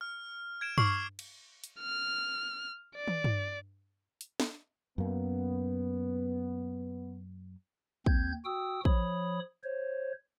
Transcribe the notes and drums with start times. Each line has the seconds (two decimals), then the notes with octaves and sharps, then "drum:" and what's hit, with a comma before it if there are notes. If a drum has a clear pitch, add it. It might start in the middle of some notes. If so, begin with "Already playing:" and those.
0.01 F6
0.61 G#6 D7 E7
0.78 C#6 D6 F6 C7, drum: tom G2
1.19 drum: cymbal
1.64 drum: hi-hat
1.80 F6
2.96 D5
3.08 drum: tom
3.24 drum: tom G2
4.21 drum: hi-hat
4.40 drum: snare
4.98 F#2 A#3 B3
8.06 D#2 C4 G6 G#6, drum: kick
8.45 F#4 G5 D#6 E6
8.85 F3 C#5 B5 D#6, drum: kick
9.64 C5 C#5